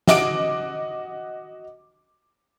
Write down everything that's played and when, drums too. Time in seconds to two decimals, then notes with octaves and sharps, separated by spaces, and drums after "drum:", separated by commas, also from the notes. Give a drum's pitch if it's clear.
0.07 F#4 D#5 D6 D7, drum: snare